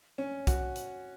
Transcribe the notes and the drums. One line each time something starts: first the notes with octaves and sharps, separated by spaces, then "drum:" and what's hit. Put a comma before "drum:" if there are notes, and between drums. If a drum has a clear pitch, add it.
C#4
F#4, drum: kick, hi-hat
drum: hi-hat